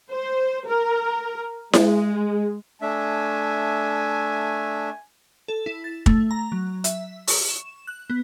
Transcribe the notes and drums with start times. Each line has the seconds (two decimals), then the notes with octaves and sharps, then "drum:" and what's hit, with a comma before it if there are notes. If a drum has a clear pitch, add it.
0.10 C5
0.67 A#4
1.73 G#3, drum: snare E4
2.82 A3 D4 E5 G#5
5.48 A4
5.66 E4
5.84 A6
6.06 A3, drum: kick
6.31 A#5
6.52 F#3
6.84 E5, drum: hi-hat
7.27 C#6, drum: open hi-hat
7.49 E7
7.87 F#6
8.10 B3